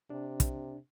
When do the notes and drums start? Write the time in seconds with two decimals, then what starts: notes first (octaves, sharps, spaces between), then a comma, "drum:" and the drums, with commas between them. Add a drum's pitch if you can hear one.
0.10 C3 D4
0.40 drum: kick, hi-hat